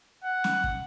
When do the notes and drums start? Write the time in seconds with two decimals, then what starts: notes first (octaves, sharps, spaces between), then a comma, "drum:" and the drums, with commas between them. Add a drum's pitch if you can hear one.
0.24 F#5
0.44 drum: snare
0.64 drum: kick